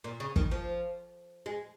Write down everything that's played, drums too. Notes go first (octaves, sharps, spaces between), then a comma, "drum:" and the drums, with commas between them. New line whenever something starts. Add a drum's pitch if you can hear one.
A#2
C#3
D#3, drum: kick
F3
G#3